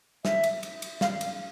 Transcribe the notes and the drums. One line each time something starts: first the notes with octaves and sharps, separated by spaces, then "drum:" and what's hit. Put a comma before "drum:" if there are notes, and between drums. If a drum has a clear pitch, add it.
E5, drum: snare
drum: cymbal
drum: cymbal
drum: cymbal
F5, drum: snare
drum: cymbal